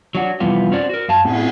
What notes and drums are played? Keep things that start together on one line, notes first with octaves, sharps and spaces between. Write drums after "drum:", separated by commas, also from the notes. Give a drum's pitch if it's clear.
F#3 D4 F#4
F2 C3 E3 G3 B3 F4
C4 C#4 F#4 C5 D5
F#4 A#4
F#2 F5 A5
A2, drum: cymbal